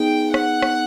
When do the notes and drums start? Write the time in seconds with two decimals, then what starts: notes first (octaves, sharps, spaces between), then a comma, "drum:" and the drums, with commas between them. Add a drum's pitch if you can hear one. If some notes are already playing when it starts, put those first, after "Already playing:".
Already playing: B3 D#4 G#4 G5
0.34 F#5, drum: rim click
0.62 drum: rim click